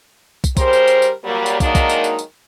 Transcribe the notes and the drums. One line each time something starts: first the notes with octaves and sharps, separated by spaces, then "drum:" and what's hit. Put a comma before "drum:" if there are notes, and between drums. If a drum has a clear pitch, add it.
drum: kick, tambourine
C#3 G3 A#4 C5, drum: kick, tambourine
drum: tambourine
drum: tambourine
drum: tambourine
F#3 G3 A#3
drum: tambourine
D#3 F#3 G#3 A#3 D4 D#4, drum: kick, tambourine
drum: kick, tambourine
drum: tambourine
drum: tambourine
drum: tambourine